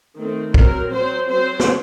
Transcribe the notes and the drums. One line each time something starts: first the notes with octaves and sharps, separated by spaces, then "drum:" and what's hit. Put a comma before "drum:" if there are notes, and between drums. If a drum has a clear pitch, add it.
D#3 A3 C4
F#3 C4 A#4, drum: kick
F#3 C4 C5
F#3 C4 C5
drum: snare